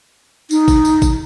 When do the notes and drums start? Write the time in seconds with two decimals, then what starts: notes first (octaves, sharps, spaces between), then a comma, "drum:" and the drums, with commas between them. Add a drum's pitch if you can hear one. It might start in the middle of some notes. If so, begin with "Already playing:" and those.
0.51 D#4, drum: tambourine
0.68 drum: kick G#1, tambourine
0.85 drum: tambourine
1.02 drum: kick G#1, tambourine